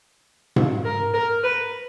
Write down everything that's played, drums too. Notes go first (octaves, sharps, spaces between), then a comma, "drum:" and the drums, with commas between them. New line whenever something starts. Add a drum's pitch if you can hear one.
drum: tom G#2
A#4
A#4
B4